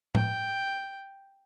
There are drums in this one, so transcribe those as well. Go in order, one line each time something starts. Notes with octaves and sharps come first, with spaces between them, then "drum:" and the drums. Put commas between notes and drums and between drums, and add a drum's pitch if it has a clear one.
G5, drum: tom A2